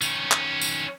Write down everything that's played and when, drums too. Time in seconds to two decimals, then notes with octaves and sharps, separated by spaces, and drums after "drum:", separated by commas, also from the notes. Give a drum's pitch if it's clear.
0.01 D#3 C#4, drum: tambourine
0.31 drum: clap
0.61 drum: tambourine